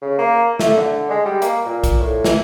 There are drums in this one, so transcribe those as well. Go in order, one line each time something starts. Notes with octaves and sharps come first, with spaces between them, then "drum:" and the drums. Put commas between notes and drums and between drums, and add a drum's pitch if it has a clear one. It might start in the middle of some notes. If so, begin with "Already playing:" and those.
C#3
A#3
A3, drum: snare
D3
G#3
G3
A#3, drum: hi-hat
A#2
drum: kick A#1, hi-hat
A2
E3, drum: snare